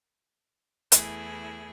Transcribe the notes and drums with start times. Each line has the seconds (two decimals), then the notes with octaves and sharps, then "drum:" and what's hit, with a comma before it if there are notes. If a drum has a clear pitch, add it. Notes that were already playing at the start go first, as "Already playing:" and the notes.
0.92 E2 A3 E4 G#4, drum: hi-hat